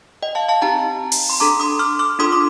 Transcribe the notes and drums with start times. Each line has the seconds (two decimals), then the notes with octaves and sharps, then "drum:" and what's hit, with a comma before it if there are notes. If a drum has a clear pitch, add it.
0.23 D#5 G5
0.35 F5 A5
0.48 F5 A5
0.62 C4 D#4 G4 G5 A#5
1.12 drum: open hi-hat
1.30 C6
1.40 D4 A4 A#5 D6
1.60 C6 D#6
1.79 D6 F6
1.99 D6 F6
2.19 D4 F4 A4 C6 D#6
2.32 D6